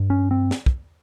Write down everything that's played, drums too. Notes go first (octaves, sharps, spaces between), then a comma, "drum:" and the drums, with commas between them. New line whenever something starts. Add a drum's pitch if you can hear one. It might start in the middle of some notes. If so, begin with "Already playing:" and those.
Already playing: G2
C#4
C4
drum: snare
drum: kick